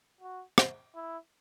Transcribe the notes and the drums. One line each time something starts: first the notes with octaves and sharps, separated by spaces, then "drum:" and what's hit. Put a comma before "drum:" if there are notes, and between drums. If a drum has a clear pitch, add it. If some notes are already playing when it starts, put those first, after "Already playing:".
F#4
drum: rim click
E4